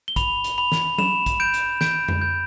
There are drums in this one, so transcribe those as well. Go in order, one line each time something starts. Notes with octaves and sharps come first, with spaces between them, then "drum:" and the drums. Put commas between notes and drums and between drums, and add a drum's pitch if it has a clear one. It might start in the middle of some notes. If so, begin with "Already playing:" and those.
G7
B5 F7, drum: kick, hi-hat
drum: hi-hat
B5 F7
drum: snare
B5 E7, drum: tom F#3
drum: kick, hi-hat
G6 D7
drum: hi-hat
G6 D7, drum: snare
drum: tom F2
G6